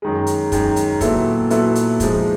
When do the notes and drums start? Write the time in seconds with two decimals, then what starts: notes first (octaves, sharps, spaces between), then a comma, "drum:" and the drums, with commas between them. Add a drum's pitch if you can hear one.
0.02 F#2 D#3 G#3
0.27 drum: hi-hat
0.52 F#2 D#3 G#3, drum: kick, hi-hat
0.76 drum: hi-hat
1.01 A#2 F#3 B3 E4 A4, drum: kick, hi-hat
1.50 A#2 F#3 B3 E4 A4, drum: hi-hat
1.75 drum: hi-hat
2.00 G#2 F3 G#3, drum: kick, hi-hat